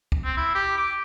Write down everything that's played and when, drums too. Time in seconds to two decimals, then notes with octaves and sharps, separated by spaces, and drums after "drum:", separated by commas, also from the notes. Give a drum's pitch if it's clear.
0.12 drum: kick
0.25 C4
0.37 E4
0.55 G4
0.78 D6